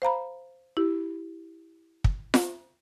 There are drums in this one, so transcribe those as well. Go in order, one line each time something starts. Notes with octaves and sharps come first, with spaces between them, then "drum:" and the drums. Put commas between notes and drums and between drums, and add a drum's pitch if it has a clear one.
C5 F5 A#5 B5
E4 G4
drum: kick
drum: snare F4